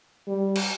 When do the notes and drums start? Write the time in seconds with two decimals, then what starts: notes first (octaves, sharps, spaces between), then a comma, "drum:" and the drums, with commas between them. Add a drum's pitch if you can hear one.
0.28 G3
0.55 drum: cymbal